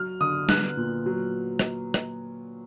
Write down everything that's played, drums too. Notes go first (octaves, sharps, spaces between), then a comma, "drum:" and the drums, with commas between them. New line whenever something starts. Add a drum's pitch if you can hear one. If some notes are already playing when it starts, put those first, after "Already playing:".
Already playing: F#3 F6
D3 D#6
B3 F#6, drum: snare
A#2
F#3
drum: rim click
drum: rim click